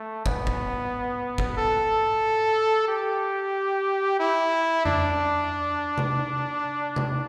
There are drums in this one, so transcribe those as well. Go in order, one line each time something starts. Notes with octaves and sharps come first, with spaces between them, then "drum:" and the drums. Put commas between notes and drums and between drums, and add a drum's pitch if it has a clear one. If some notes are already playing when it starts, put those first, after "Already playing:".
Already playing: A3
B3, drum: kick
drum: kick
drum: kick
A4
G4
E4
D4, drum: tom F2
drum: tom C3
drum: tom C3